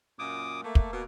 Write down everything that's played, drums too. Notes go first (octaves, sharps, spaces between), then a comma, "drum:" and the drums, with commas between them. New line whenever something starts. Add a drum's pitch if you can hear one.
F#2 A#2 D6 D#6
A3 A#3
drum: kick
B2